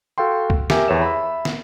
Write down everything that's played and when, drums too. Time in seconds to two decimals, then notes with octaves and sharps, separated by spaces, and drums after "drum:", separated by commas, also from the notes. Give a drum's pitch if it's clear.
0.18 F#4 A4 F5 G5 C6
0.50 drum: kick C2
0.70 G4 A#4 E5 G#5, drum: snare
0.88 E2 B4 C#5 E5 E7
1.02 E5 B5
1.45 drum: snare